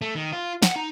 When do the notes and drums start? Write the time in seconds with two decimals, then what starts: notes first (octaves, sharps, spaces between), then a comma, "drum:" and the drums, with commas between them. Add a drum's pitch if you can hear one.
0.01 A3
0.15 D#3
0.33 F4
0.62 F#5, drum: snare
0.76 D#4